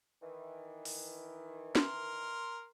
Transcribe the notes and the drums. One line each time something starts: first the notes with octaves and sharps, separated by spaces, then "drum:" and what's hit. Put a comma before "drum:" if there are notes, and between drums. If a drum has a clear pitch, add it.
D#3 E3
drum: open hi-hat
A#4 C6, drum: snare